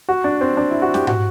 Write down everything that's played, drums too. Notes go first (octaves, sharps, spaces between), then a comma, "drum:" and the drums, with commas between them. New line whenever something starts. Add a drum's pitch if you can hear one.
F#4
D4
C4
D4
E4
F#4
G4, drum: snare
F#4, drum: tom G#2